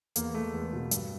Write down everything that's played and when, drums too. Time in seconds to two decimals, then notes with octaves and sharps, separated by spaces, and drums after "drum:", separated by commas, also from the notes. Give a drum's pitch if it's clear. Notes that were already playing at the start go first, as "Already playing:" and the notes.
0.16 E2 A#3, drum: hi-hat
0.34 G#3 A3
0.53 E2
0.73 B2
0.91 G2, drum: hi-hat